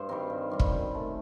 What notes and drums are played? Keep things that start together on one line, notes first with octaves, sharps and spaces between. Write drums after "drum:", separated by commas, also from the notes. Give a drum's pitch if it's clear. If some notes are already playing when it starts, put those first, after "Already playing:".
Already playing: G2 C5
D#3 G3 C4 A#4
G2
D#3 G3 C4
drum: kick
F#2
D#3 A3